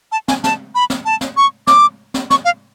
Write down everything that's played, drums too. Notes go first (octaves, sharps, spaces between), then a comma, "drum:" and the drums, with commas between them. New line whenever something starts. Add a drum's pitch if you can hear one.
A5
G#5, drum: snare
A5, drum: snare
B5
drum: snare
A5
drum: snare
C#6
D6, drum: snare
drum: snare
C#6, drum: snare
F5